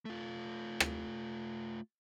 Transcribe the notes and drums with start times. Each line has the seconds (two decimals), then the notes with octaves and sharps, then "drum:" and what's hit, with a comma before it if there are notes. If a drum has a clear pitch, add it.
0.05 A3 F4
0.80 drum: rim click